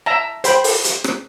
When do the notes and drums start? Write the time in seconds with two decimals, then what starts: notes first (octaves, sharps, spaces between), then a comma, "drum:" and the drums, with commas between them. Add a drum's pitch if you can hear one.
0.06 E5 A5 A#5
0.44 C5 G5 B5, drum: hi-hat
0.64 drum: open hi-hat
0.84 drum: hi-hat
1.04 drum: rim click